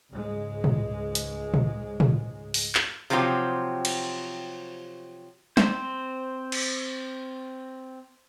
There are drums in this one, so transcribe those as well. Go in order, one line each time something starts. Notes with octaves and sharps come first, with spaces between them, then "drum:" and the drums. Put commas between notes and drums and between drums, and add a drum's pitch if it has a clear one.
C#2 G#2 G#3
drum: tom
drum: hi-hat
drum: tom
drum: tom
drum: open hi-hat
drum: clap
C3 F3 F#3 C4 E4 G4
drum: cymbal
C4 C5, drum: snare
drum: cymbal